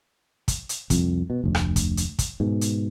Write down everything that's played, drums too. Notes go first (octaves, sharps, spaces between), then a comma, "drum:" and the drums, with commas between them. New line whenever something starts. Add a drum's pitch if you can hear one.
drum: kick, hi-hat
drum: hi-hat
C2 F2, drum: kick, hi-hat
B2
F1 D2
drum: rim click
drum: kick, hi-hat
drum: hi-hat
drum: kick, hi-hat
G#2 B2
drum: hi-hat